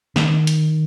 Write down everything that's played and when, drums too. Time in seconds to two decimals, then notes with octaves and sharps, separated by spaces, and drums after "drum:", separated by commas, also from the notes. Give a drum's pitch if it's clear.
0.16 D#3, drum: snare
0.47 drum: hi-hat